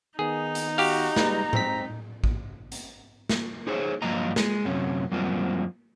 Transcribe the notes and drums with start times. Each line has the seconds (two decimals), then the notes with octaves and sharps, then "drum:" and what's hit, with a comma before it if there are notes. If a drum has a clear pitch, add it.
0.19 D#3 B3 D#4 G#4
0.55 drum: hi-hat
0.78 F#4 G4 F5, drum: open hi-hat
1.16 G3 G#3 B4 A#5, drum: snare
1.53 G#3 C4 B6, drum: tom A2
2.24 drum: kick A1
2.72 drum: hi-hat
3.29 drum: snare
3.67 D#4 G#4 C5 C#5
4.02 G2 F3 F#3 A#3 D#5 A#5
4.36 G#3, drum: snare
4.65 F#2 C3 C#4
5.12 F#2 F3 G3 A#3 C4